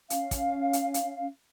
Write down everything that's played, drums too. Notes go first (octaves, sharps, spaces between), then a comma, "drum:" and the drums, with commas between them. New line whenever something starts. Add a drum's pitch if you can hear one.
C#4 F5, drum: hi-hat
drum: kick, hi-hat
drum: hi-hat
drum: hi-hat